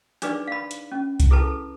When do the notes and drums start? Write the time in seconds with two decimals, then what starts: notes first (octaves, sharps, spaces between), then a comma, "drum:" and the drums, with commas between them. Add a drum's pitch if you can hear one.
0.22 D4 D#4 G#4 B4 D5, drum: hi-hat
0.48 F5 B5
0.71 drum: hi-hat
0.92 C#4
1.20 drum: kick C2, hi-hat
1.30 E4 G#4 A4 B4 A5